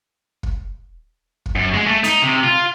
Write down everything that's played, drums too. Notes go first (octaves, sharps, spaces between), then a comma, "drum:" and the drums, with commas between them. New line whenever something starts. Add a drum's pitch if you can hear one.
drum: kick
drum: kick
F#2
G#3
A3
D#4, drum: hi-hat
C3
F4